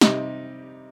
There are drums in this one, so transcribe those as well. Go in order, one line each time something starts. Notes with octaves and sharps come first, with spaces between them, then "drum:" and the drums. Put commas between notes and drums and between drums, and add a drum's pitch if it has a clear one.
C3 G3 D#4, drum: snare